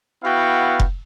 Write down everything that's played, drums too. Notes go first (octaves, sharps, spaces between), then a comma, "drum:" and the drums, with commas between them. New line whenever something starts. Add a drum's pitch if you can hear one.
B3 E4 F#4 F5 G5
drum: kick F1